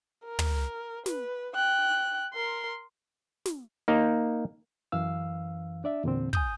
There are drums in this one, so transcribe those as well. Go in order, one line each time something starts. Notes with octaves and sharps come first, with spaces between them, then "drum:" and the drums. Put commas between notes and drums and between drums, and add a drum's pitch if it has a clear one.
A#4
drum: tom
B4, drum: snare
G5 F#6
A#4 C6
drum: snare
A#3 D#4
F#2 E3 F5 E6
D4 D5 E5
E2 A#2 D3 C4
G#5 D#6 G6, drum: kick